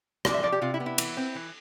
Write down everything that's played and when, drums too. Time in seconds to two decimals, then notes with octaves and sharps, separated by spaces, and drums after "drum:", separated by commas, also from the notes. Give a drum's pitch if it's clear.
0.25 C3 D5, drum: rim click
0.34 E5
0.43 F3 D5
0.52 G4
0.61 C3 F4
0.74 E4
0.80 B3
0.86 E4
0.98 E3, drum: cymbal
1.17 C4
1.35 E3